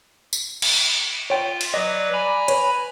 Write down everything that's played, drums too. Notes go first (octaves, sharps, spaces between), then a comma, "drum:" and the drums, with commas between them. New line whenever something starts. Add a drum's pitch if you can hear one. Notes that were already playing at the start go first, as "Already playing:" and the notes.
drum: tambourine
drum: cymbal
F4 C#5 G5
drum: cymbal
F#3 B4 D5 D#5
G#5 A#5 B5
B4 C#5, drum: hi-hat